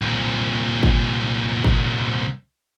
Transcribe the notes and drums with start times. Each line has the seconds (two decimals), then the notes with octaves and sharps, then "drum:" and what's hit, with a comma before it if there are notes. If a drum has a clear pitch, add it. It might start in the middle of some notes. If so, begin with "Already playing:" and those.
0.02 C2 A#2
0.83 drum: kick
1.64 drum: kick